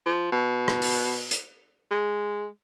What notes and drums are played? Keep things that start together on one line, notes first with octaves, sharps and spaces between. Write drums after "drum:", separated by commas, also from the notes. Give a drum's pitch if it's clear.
F3
B2
drum: rim click
drum: open hi-hat
drum: hi-hat
G#3